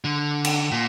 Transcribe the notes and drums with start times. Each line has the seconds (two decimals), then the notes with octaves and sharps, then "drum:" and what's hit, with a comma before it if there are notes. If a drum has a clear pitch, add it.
0.04 D3
0.45 drum: cymbal
0.72 A#2